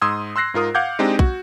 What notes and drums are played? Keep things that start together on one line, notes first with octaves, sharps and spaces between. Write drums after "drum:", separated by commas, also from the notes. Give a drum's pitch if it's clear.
G#2 C6 D#6 E6 G#6
C6 E6 F#6 A#6 C7
G#2 F4 A#4 D#6
F5 F#5 D6 G6 G#6
G#3 C4 D4 D#4 G4 D#5
F#4, drum: kick B1